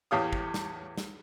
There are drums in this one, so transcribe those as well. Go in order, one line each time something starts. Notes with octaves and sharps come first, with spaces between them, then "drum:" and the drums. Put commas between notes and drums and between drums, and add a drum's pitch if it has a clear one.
E2 A2 G4 C#5 F5 D#6
drum: kick
drum: snare
drum: snare